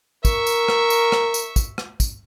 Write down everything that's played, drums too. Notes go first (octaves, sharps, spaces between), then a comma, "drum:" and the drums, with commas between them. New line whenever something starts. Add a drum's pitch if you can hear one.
A#4 E5 C#6, drum: kick, tambourine
drum: tambourine
drum: rim click
drum: tambourine
drum: rim click
drum: tambourine
drum: kick, tambourine
drum: rim click
drum: kick, tambourine